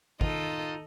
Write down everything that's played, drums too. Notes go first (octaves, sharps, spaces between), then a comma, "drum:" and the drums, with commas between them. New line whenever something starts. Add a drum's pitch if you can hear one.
D#3 D#4 F4 A4 D#5, drum: kick